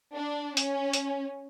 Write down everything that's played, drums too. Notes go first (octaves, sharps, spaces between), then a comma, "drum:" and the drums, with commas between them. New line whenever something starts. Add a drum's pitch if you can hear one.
D4
C#4, drum: hi-hat
drum: hi-hat